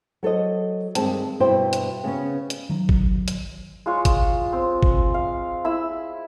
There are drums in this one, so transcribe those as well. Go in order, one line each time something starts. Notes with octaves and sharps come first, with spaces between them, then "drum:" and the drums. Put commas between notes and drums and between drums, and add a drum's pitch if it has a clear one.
F#3 A4 C5 D#5
G2 D#3 G#3 C4 A5, drum: hi-hat
G2 B2 E4 C5 G5
drum: hi-hat
C#3 B3 C#4
drum: hi-hat
D#3 F#3
drum: kick
drum: hi-hat
G#3 F4 C#5
drum: kick, hi-hat
C4
drum: kick
F5
E4 B5 E6